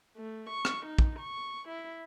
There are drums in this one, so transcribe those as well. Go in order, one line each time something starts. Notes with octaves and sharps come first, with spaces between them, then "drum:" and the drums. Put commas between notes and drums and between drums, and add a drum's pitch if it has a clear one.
A3
C#6
drum: rim click
D#4
drum: kick
C#6
E4